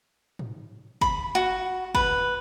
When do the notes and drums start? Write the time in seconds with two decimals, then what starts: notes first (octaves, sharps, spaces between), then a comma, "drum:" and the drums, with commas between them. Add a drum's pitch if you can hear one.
0.39 drum: tom G#2
1.01 B5, drum: kick
1.35 F#4
1.95 B4, drum: kick